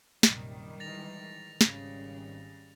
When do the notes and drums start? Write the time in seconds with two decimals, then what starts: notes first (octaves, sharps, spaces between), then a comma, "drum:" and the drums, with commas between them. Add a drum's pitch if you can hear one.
0.23 A#1 F#2 C3 D#3 G3, drum: snare
0.80 E3 G#3 A6 A#6 F7
1.61 G#1 C#3 G3, drum: snare